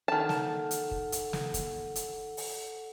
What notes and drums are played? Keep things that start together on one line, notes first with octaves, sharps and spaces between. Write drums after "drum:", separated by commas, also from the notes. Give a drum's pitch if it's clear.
D#3 A4 F#5 A5
drum: snare
drum: hi-hat
drum: kick
drum: hi-hat
drum: snare
drum: kick, hi-hat
drum: hi-hat
drum: open hi-hat